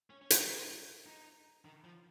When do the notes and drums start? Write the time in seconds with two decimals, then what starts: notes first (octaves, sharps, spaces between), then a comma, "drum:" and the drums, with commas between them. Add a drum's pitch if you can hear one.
0.10 C#4
0.21 C#4
0.30 D#4, drum: hi-hat
1.06 D#4
1.65 D#3
1.84 F3